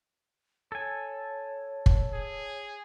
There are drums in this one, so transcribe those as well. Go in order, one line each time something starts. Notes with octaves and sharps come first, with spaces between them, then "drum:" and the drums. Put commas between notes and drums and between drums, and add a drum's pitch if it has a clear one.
A4 C#5 G#5
drum: kick
G#4